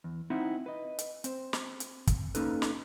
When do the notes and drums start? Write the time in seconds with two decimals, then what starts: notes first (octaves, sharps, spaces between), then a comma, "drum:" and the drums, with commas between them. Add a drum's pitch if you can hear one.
0.04 E2
0.30 C4 D#4 E4 F#5
0.66 B4 D#5
0.99 drum: hi-hat
1.24 C4 C5, drum: hi-hat
1.53 drum: snare
1.80 drum: hi-hat
2.07 drum: kick, hi-hat
2.35 A#3 C#4 D#4 A4 B4, drum: hi-hat
2.62 drum: snare